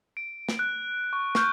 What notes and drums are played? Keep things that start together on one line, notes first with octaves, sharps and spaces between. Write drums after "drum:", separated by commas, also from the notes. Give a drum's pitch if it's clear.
D7
drum: snare
F#6
C#6
C#6 F6 G6, drum: snare